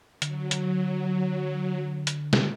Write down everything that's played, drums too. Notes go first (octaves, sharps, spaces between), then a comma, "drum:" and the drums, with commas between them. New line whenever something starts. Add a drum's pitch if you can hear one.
D3 F#3, drum: hi-hat
drum: hi-hat
drum: hi-hat
drum: snare